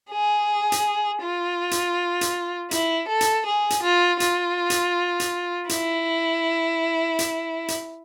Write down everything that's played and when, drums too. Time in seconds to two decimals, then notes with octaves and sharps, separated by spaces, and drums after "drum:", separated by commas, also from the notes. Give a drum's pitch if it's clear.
0.10 G#4
0.72 drum: hi-hat
1.21 F4
1.71 drum: hi-hat
2.21 drum: hi-hat
2.71 E4, drum: hi-hat
3.08 A4
3.21 drum: hi-hat
3.46 G#4
3.70 drum: hi-hat
3.83 F4
4.20 F4, drum: hi-hat
4.70 drum: hi-hat
5.20 drum: hi-hat
5.69 E4, drum: hi-hat
7.19 drum: hi-hat
7.68 drum: hi-hat